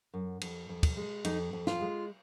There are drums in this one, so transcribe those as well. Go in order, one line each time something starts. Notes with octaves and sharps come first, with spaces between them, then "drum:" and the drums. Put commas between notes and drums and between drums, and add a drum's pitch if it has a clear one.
F#2
F2, drum: cymbal
F2
drum: kick, cymbal
G#3
F2 D#4, drum: cymbal
F2
F4, drum: snare
G#3